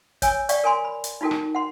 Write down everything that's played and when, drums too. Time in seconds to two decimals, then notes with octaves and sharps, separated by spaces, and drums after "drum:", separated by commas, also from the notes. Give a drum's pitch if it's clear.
0.22 C#5 G#5 E6, drum: kick, hi-hat
0.49 D5 F5 G5 C#6, drum: hi-hat
0.64 A#4 G#5 C6
0.85 B5
1.04 drum: hi-hat
1.21 D#4 F4 F#4 A4 A#4 G5
1.31 drum: rim click
1.55 F#5 C6